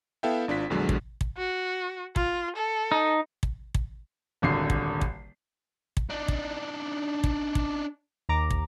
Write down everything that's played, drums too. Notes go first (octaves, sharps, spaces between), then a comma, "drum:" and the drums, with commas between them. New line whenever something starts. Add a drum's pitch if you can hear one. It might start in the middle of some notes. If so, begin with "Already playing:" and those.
B3 E4 A4 E5 F5 G5
G#1 D4 F4 B6
A#1 E2 D3 F#3 G#3
drum: kick
drum: kick
F#4
F4, drum: kick
A4
D#4
drum: kick
drum: kick
D#1 G#1 D3 C7
drum: kick
drum: kick
drum: kick
D4 D#4
drum: kick
drum: kick
drum: kick
D#2 A#5 D6
drum: kick